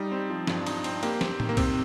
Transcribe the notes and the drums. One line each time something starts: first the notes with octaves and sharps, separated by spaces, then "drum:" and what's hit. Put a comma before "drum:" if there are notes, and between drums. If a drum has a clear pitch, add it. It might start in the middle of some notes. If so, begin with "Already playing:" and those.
Already playing: G3 D#4
C4
F3
G2, drum: snare
D#4, drum: cymbal
C4, drum: cymbal
A#3 G4, drum: cymbal
C4, drum: snare
D#3, drum: tom A2
A#3
C3 C4, drum: kick B1, cymbal